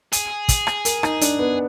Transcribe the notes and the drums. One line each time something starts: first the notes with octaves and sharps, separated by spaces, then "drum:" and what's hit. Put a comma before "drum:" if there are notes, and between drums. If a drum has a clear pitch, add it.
G#4, drum: hi-hat
drum: kick, hi-hat
drum: rim click
A#4, drum: hi-hat
D#4, drum: rim click
D4, drum: hi-hat
B3